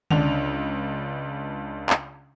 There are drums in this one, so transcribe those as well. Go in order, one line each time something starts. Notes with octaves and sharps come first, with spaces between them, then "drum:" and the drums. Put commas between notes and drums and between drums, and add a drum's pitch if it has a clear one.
C#2 D4 F7, drum: tom D3
drum: clap